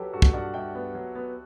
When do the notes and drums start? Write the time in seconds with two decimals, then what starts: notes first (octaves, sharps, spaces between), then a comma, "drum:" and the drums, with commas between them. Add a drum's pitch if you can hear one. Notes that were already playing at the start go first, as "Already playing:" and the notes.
Already playing: F#3 G4 A4 B4 C#5
0.13 G2 F#4 A4
0.22 drum: kick
0.33 G2 D5 F#5
0.54 G2 E5 G5
0.75 B3
0.95 F#3
1.15 B3